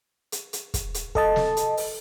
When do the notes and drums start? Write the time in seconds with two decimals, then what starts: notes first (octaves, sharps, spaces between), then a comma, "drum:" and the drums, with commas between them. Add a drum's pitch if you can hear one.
0.32 drum: hi-hat
0.53 drum: hi-hat
0.74 drum: kick, hi-hat
0.94 drum: hi-hat
1.15 A4 D#5 A5, drum: kick
1.36 drum: snare
1.57 drum: hi-hat
1.77 drum: open hi-hat